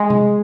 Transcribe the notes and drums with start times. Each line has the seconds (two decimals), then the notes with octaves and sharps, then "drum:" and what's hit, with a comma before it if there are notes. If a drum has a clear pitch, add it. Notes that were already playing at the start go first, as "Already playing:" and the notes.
Already playing: G#3
0.10 drum: tom C3